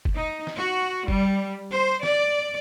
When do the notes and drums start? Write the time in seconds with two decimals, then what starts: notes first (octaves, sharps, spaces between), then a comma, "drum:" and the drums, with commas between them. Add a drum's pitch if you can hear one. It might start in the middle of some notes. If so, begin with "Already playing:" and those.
0.05 drum: kick
0.15 D#4
0.47 drum: snare
0.57 F#4
1.08 G3, drum: kick
1.73 C5
2.03 D5, drum: snare